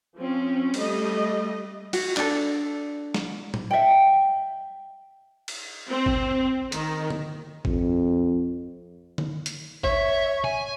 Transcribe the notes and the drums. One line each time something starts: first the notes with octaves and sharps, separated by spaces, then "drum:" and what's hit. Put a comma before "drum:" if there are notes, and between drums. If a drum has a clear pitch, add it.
F3 C4 C#4
G3 A3 D#5, drum: cymbal
F#4, drum: cymbal
D4 A4, drum: clap
drum: snare
drum: tom
E5 G5
drum: cymbal
C4
drum: kick G#1
D#3, drum: hi-hat
drum: tom
F2, drum: kick G#1
drum: tom
drum: hi-hat
C#5 E5, drum: kick G#1
G#5